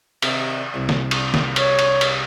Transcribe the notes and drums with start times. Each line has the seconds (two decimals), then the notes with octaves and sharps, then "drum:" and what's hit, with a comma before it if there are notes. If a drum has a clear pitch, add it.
0.22 C3 D#3 A#4, drum: cymbal
0.74 C2
0.89 drum: snare
1.11 drum: cymbal
1.34 drum: snare
1.56 C#5, drum: cymbal
1.79 drum: cymbal
2.01 drum: cymbal